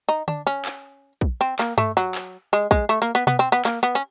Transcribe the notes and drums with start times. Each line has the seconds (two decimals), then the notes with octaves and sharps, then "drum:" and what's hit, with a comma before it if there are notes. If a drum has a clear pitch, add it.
0.09 D#4
0.28 D4, drum: tom D3
0.47 C#4
0.65 drum: clap
1.21 drum: kick
1.41 C4
1.59 A#3, drum: clap
1.78 A3, drum: tom G2
1.97 F#3
2.15 drum: clap
2.53 G#3
2.71 G#3, drum: kick
2.89 A3
3.02 A#3
3.15 B3
3.27 B3, drum: tom B2
3.39 C4
3.52 B3
3.65 A#3, drum: clap
3.83 B3
3.95 C#4